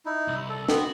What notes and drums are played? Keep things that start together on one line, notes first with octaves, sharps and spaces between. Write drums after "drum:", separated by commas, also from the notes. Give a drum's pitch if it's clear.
D#4 E4
C2
A4
B3 C4 F#4, drum: snare